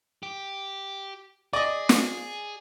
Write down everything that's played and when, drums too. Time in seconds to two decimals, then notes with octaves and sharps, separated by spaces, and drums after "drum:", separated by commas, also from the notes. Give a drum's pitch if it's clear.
0.23 G4
1.53 G#4 D5 D#5
1.89 drum: snare